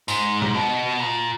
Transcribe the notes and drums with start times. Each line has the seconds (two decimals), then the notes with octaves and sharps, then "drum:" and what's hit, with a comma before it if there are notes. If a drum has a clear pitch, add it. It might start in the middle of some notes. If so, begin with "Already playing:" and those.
0.08 G#2, drum: tambourine
0.42 drum: tom
0.54 B2
1.00 A#2